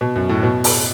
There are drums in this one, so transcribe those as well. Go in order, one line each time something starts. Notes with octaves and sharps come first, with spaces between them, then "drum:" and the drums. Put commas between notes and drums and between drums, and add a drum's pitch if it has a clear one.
B2
F#2
A2
B2
drum: open hi-hat